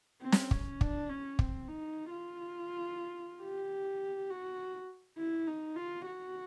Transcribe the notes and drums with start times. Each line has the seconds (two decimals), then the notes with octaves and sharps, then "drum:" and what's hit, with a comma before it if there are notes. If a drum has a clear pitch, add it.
0.21 C4
0.32 drum: snare
0.51 C#4, drum: kick
0.81 D4, drum: kick
1.09 C#4
1.39 C4, drum: kick
1.68 D#4
2.11 F4
3.42 G4
4.30 F#4
5.18 E4
5.47 D#4
5.76 F4
6.06 F#4